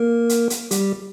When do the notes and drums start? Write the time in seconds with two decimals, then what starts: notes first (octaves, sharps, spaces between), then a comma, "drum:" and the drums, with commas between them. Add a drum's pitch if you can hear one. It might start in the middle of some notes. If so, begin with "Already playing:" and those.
Already playing: A#3 A#4
0.29 drum: hi-hat
0.50 drum: hi-hat
0.71 G3 G4, drum: hi-hat